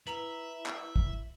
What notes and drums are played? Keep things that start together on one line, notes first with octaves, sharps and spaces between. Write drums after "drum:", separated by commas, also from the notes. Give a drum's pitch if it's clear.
E4 B4 E5 A#5 F7 F#7, drum: hi-hat
drum: clap
drum: kick